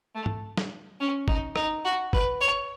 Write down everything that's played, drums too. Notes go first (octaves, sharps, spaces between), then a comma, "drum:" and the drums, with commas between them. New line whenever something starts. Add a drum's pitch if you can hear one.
A3
drum: tom G#2
drum: snare
C#4
D#4, drum: kick F#1
D#4, drum: rim click
F#4
B4, drum: kick F#1
C#5